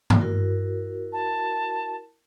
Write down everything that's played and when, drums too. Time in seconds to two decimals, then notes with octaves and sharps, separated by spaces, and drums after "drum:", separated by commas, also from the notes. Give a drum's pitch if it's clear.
0.10 drum: tom G2
0.20 E4 F#4 A#4
1.13 A5